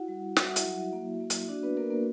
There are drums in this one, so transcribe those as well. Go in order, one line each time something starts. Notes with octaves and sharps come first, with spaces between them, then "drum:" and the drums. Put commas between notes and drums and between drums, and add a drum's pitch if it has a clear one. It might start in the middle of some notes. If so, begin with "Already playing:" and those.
Already playing: E4 F#4 F#5
G3
F#4 E5, drum: snare
F#5
E4 E5, drum: hi-hat
F#3
A#3
A#3
drum: hi-hat
D4 F#4 D5
B3 B4
A#3 B3 A#4
A#3 A#4